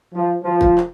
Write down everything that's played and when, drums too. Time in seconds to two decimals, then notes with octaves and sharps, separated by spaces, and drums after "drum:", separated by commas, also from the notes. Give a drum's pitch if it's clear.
0.14 F3
0.44 F3
0.61 drum: kick
0.78 drum: clap